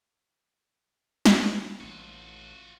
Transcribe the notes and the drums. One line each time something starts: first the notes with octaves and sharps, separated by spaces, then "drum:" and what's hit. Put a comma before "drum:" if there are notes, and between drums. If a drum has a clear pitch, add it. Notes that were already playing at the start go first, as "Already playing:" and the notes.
drum: snare
A1 A3 F4 F#4